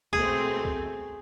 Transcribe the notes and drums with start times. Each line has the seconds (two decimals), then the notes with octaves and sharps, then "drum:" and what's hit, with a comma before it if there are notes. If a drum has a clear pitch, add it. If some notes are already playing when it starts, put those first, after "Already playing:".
0.13 B2 A3 C4 G#4, drum: kick C2
0.65 drum: kick C2